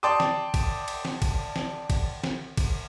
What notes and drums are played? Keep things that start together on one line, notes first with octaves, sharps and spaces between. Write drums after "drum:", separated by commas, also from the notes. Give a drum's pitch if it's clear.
D5 G5 A5 C6 D6 D#6
drum: snare
drum: kick, cymbal
drum: cymbal
drum: snare
drum: kick, cymbal
drum: snare
drum: kick, cymbal
drum: snare
drum: kick, cymbal